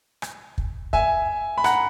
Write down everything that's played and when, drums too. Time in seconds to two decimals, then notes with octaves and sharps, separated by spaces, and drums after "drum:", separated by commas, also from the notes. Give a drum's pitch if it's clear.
0.22 drum: rim click
0.58 drum: kick
0.93 E5 G#5, drum: kick
1.58 B5
1.64 F#5 A#5, drum: rim click